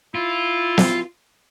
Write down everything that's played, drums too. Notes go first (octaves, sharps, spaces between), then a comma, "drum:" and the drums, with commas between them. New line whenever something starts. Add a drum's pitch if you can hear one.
E4 F4
drum: snare